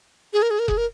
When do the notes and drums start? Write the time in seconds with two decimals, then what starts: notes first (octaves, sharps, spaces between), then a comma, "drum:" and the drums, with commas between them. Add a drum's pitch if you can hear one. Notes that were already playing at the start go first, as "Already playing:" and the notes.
0.33 G#4
0.42 A#4
0.51 G#4
0.59 A#4
0.68 G#4, drum: kick F1
0.77 A#4